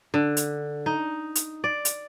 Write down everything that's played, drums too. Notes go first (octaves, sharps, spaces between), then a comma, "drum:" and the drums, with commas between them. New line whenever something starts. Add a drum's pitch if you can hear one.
D3
drum: hi-hat
D#4
drum: hi-hat
D5
drum: hi-hat